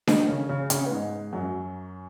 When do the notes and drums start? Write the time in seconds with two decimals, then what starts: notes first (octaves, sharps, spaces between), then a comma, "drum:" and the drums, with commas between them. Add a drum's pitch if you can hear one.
0.07 D#3 D#4, drum: snare D4
0.28 C#3 C#4
0.49 C#3 C#4
0.70 C#3 C#4, drum: hi-hat
0.86 B3
0.91 G#2 G#3
1.33 F#2 F#3